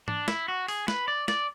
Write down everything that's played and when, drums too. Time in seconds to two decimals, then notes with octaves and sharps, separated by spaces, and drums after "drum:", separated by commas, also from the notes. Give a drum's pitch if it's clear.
0.08 D4, drum: tom G#2
0.28 E4, drum: snare
0.48 F#4
0.68 G#4, drum: open hi-hat
0.88 B4, drum: snare
1.08 D5
1.28 D5, drum: snare